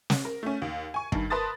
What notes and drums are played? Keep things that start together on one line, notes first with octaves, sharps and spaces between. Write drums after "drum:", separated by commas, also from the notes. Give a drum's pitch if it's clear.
drum: snare
A#4
A3 C#4
D#2
G#5 C#6
G2 D#3, drum: kick
A#4 B4 A5 C6 D#6 A6